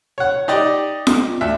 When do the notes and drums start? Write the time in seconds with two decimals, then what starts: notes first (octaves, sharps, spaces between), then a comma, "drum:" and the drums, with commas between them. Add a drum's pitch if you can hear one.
0.18 C#5 F#5
0.48 D#4 G4 D5 D#5
1.07 drum: snare F4
1.41 D2 E5